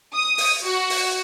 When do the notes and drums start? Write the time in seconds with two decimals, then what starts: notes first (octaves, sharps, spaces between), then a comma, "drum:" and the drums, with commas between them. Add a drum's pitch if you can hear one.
0.14 D#6
0.38 drum: open hi-hat
0.64 F#4
0.90 drum: open hi-hat